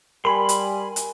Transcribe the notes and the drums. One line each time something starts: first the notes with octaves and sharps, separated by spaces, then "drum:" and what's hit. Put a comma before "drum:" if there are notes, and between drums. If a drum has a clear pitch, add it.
G3 A#4 G#5 B5 C6
drum: hi-hat
drum: hi-hat